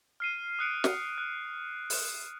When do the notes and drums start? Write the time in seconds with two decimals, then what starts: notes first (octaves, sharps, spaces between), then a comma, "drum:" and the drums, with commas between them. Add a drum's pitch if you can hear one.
0.20 F6 C7 D#7
0.59 D#6 F#6 C#7 D7
0.84 drum: snare
1.18 F#6
1.90 drum: open hi-hat